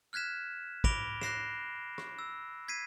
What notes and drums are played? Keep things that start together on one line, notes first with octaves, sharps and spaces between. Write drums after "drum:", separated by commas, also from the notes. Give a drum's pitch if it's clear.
F6 F#6 G#6 B6 E7
B5 D6 A#6 D7 F7 G7, drum: kick
F#6 A#6 C7 E7, drum: rim click
drum: rim click
E6
G#6 B6 C7 D#7